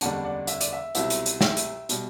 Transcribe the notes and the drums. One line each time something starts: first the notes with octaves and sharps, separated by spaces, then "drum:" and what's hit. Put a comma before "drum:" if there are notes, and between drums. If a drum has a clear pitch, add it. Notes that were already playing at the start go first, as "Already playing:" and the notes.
F#1 E2 D3 G3 D4 F#5 A5, drum: hi-hat
D5 F#5
E5, drum: hi-hat
D5, drum: hi-hat
E5
C2 B2 F#3 C4 E4 E5, drum: hi-hat
drum: hi-hat
drum: hi-hat
E5 G5, drum: snare
drum: hi-hat
B2 G3, drum: hi-hat